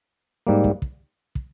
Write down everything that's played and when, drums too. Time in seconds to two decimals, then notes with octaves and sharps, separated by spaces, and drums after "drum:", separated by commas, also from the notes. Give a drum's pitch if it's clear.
0.47 G#2 G3 A#3
0.64 drum: kick
0.82 drum: kick
1.35 drum: kick